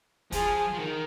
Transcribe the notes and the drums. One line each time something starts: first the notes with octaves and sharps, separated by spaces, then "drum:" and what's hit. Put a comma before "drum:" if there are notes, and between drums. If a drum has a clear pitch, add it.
F3 G#4, drum: kick, hi-hat
F3
D#3